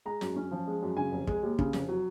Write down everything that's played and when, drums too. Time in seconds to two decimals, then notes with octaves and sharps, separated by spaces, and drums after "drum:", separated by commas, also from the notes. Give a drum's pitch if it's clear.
0.06 G#3 A#5
0.21 F#2, drum: snare
0.36 C#4
0.51 F3
0.67 G#3
0.82 F#2
0.97 C#3 G#5
1.12 F1
1.27 G#3, drum: kick
1.43 D#2
1.59 C#3, drum: kick
1.73 F1, drum: snare
1.88 F#3